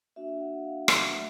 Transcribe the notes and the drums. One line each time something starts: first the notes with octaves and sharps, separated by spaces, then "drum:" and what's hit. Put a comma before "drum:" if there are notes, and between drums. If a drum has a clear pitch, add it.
A#3 D4 F#4 E5
F#5
F5
drum: rim click
F#3 A3 E5